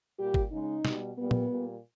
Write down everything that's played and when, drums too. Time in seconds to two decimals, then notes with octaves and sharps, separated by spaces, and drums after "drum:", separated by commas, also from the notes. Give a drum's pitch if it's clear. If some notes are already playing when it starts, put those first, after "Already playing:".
0.19 A#2 G3 G4
0.34 drum: kick
0.51 C#3 G#3 D#4
0.85 B2 G3, drum: snare
1.17 A#2 G3 B3
1.31 drum: tom A#2
1.50 A#2 G3